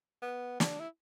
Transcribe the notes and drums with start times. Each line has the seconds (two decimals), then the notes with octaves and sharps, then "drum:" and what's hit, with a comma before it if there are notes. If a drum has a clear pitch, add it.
0.22 B3
0.60 D4, drum: snare
0.80 E4